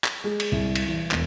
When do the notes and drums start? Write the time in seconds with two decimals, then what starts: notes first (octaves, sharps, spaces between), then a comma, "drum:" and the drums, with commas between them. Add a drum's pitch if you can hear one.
0.04 drum: clap
0.24 G#3
0.40 drum: cymbal
0.52 C2
0.76 drum: cymbal
0.88 E3
1.11 E1, drum: clap